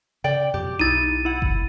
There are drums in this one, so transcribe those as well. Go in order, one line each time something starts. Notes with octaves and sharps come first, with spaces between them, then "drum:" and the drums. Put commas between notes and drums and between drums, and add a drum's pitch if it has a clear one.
C#3 D5 G5
F2 B2 F#3 G4
B1 D#4 E4 A6 D#7
E4 F#5
drum: kick F#1